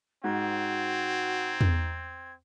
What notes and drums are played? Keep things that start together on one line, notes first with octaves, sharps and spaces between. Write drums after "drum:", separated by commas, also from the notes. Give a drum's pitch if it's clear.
G#2 C4 F#4 G#6
drum: tom E2